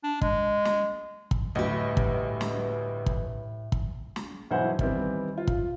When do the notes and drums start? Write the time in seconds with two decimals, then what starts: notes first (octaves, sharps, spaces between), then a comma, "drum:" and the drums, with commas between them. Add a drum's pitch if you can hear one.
0.04 D4
0.21 G#3, drum: kick
0.65 drum: snare
1.31 drum: kick
1.55 G1 D2 A2 G4 B4 D#5
1.97 drum: kick
2.41 drum: snare
3.06 drum: kick
3.72 drum: kick
4.16 drum: snare
4.51 B1 G2 E3 E4 C5 F#5
4.79 D#3 E3 G3 B3 C4, drum: kick
5.38 F4
5.47 drum: kick